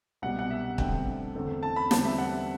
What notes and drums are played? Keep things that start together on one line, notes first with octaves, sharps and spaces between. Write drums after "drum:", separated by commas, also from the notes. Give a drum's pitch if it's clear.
C2 B2 G3 B3 F#5
F#5
E5
G2 D3 A3 C4 G5, drum: kick
E2 D3 A3 C4
A5
B5
E2 D3 G3 C4 A5, drum: snare
E5
F#5